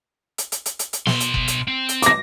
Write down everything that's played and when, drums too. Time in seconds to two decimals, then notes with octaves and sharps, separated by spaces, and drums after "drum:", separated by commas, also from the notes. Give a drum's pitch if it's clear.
0.38 drum: hi-hat
0.52 drum: hi-hat
0.66 drum: hi-hat
0.79 drum: hi-hat
0.93 drum: hi-hat
1.07 B2 C6, drum: snare
1.20 drum: hi-hat
1.34 drum: kick F#1
1.48 drum: hi-hat
1.68 C4
1.89 drum: hi-hat
2.02 D6 A#6, drum: hi-hat